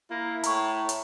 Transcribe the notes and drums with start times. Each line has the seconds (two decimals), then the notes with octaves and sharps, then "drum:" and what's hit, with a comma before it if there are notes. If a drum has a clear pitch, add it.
0.11 A#3 E4
0.44 A2 A#5 C#6, drum: hi-hat
0.89 drum: hi-hat